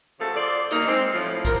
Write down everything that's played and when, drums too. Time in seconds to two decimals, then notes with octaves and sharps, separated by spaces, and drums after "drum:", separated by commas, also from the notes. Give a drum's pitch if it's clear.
0.20 C#3 F3 F#4 G#4 A4
0.34 F4 G#4 C5 D5
0.71 G2 B2 D#3 A#3 D#4, drum: hi-hat
0.86 G#3 C4
1.13 A2 F3
1.45 C3 F4 A#4, drum: kick, hi-hat